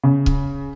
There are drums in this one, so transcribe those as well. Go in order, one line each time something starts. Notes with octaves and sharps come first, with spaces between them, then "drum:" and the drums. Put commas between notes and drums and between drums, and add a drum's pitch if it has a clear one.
C#3
drum: kick C#1